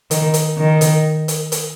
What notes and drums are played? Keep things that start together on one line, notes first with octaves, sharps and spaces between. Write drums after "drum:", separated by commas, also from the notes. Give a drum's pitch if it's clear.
D#3, drum: hi-hat
drum: hi-hat
D#3
drum: hi-hat
drum: hi-hat
drum: hi-hat